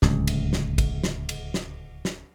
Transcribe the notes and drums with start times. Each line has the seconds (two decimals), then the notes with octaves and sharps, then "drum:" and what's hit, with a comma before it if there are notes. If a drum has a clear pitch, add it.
0.02 D1 C#2, drum: snare
0.27 drum: cymbal
0.53 drum: snare
0.78 drum: kick, cymbal
1.04 drum: snare
1.29 drum: cymbal
1.54 drum: snare
2.05 drum: snare